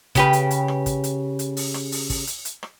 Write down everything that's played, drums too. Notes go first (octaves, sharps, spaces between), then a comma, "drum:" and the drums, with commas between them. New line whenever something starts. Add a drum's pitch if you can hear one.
C#3 G4 B4, drum: kick, hi-hat
drum: hi-hat
drum: hi-hat
drum: rim click
drum: kick, hi-hat
drum: hi-hat
drum: hi-hat
drum: open hi-hat
drum: rim click
drum: open hi-hat
drum: kick, open hi-hat
drum: hi-hat
drum: hi-hat
drum: rim click